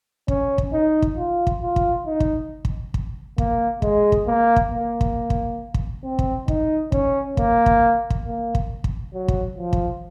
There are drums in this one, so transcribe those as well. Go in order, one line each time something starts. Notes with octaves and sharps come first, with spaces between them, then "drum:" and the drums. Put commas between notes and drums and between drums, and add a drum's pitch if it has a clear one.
C#4, drum: kick
drum: kick
D#4
drum: kick
F4
drum: kick
F4
drum: kick
D#4
drum: kick
drum: kick
drum: kick
A#3, drum: kick
G#3, drum: kick
drum: kick
A#3
drum: kick
A#3
drum: kick
drum: kick
drum: kick
C4
drum: kick
D#4, drum: kick
C#4, drum: kick
A#3, drum: kick
drum: kick
drum: kick
A#3
drum: kick
drum: kick
F#3
drum: kick
F3
drum: kick